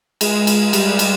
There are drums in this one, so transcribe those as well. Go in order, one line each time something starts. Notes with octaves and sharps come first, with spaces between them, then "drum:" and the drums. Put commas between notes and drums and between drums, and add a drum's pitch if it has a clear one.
G#3, drum: cymbal
drum: cymbal
G3, drum: cymbal
drum: cymbal